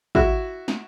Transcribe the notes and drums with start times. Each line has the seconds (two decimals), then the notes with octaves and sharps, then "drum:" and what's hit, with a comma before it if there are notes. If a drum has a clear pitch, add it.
0.15 E4 F#4, drum: kick
0.68 drum: snare